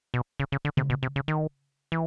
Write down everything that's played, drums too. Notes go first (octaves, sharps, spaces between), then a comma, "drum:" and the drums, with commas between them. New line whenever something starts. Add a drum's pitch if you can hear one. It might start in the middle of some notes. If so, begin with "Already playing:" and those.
B2
C#3
C#3
D3
C3, drum: tom C#3
B2
C3
C#3
D#3
E3